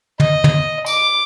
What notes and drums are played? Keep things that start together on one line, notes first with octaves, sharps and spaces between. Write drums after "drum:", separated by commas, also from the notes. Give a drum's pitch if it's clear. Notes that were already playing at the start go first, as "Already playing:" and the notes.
D#5, drum: tom
drum: tom
D6, drum: tambourine